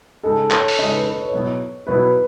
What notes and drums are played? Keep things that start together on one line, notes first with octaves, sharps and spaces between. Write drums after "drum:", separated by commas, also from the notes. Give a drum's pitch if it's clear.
C#3 G#3 D#4 A4
C#5, drum: clap
drum: open hi-hat
C#3 G#3 D#4 D#5
B4
B4
C#5
B2 F#3 B3 E4
B2 F#3 B3 E4 B4